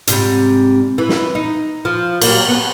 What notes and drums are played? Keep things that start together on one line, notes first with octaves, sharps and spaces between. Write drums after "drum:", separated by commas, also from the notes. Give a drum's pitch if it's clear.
G#2 C3 G3, drum: hi-hat
E3
drum: snare
D#4
F3
F#3 G3 A#3, drum: cymbal
B3